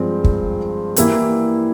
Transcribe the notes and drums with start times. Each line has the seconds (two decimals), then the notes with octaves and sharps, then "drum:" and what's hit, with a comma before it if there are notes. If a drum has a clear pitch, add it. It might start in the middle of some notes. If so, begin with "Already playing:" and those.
Already playing: G2 F3 G#3 C4 F4
0.24 drum: kick
0.96 E3 A#3 E4 G4, drum: hi-hat